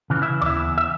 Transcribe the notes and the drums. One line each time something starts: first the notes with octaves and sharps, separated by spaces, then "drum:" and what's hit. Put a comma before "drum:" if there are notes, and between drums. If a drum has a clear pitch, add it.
C#3 E3
E4 E5
D5, drum: tom D#2
E2 E4 E5
E5